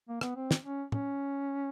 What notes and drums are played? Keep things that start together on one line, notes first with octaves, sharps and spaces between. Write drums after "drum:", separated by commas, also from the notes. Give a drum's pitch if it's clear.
A#3
B3, drum: rim click
C4
drum: snare
C#4
C#4, drum: tom